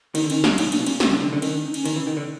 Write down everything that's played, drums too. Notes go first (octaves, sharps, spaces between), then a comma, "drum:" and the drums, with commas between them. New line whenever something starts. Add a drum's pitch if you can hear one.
D#3 D#4, drum: cymbal
D3
D#3 C#4, drum: cymbal
D4, drum: snare
A#2 D#4, drum: cymbal
B2
A#2 D4, drum: cymbal
B2
A#2 C#4, drum: cymbal
B2 C#4, drum: snare
C3 D4
D3 D4
D3 D4
D#3 C#4, drum: cymbal
D4
D#4
C#4, drum: cymbal
D#3, drum: cymbal
E3
D#3
D3